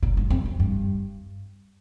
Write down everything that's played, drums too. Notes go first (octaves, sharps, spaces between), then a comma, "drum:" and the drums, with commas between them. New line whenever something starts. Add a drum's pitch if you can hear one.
A#2, drum: kick F#1
G2
F2
F2
G2